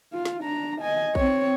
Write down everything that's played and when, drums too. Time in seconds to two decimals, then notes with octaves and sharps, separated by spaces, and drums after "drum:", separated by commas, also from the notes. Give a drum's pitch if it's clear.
0.14 F4
0.25 drum: snare
0.43 D4 A#5
0.81 D#5 G#5
1.15 C4 C#5, drum: kick